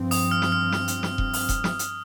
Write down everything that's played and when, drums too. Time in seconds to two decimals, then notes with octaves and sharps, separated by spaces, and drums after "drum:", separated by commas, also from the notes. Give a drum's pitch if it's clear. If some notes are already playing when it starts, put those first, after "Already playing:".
Already playing: G2 F3 C4
0.11 D#6, drum: open hi-hat
0.31 F6
0.42 drum: snare
0.52 F6
0.72 drum: snare
0.88 drum: hi-hat
1.03 drum: snare
1.18 drum: kick E1
1.33 drum: open hi-hat
1.49 drum: kick E1, hi-hat
1.64 drum: snare
1.79 drum: hi-hat